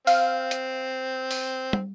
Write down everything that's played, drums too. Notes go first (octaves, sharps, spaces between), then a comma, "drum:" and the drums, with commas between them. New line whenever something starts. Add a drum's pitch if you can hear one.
C4 F5, drum: open hi-hat
drum: hi-hat
drum: open hi-hat
drum: tom